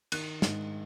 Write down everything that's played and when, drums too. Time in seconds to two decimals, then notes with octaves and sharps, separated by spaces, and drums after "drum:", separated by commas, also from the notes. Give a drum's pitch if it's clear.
0.12 D#3 F#6, drum: cymbal
0.42 G#2, drum: snare